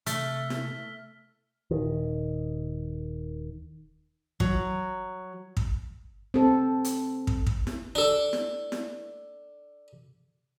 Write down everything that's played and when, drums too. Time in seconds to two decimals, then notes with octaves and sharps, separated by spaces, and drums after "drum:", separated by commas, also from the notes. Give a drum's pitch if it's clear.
0.06 C3 A3 F6 B6 G7, drum: hi-hat
0.50 drum: snare E4
1.71 D#1 D#3
4.40 F#3, drum: kick
5.57 drum: kick
6.34 C4 A4
6.84 drum: hi-hat
7.27 drum: kick
7.47 drum: kick
7.67 drum: snare E4
7.95 D4 A4
8.33 drum: snare E4
8.72 drum: snare E4